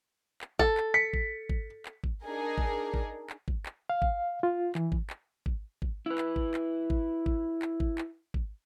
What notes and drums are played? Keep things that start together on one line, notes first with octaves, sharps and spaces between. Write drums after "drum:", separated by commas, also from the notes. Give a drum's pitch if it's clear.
drum: clap
A4, drum: kick G#1
drum: clap
B6 C#7
drum: kick G#1
drum: kick G#1
drum: clap
drum: kick G#1
D4 D#4 G#4 A#4
drum: kick G#1
drum: kick G#1
drum: clap
drum: kick G#1
drum: clap
F5
drum: kick G#1
F4
E3, drum: clap
drum: kick G#1
drum: clap
drum: kick G#1
drum: kick G#1
E4 B4
drum: clap
drum: kick G#1
drum: clap
drum: kick G#1
drum: kick G#1
drum: clap
drum: kick G#1
drum: clap
drum: kick G#1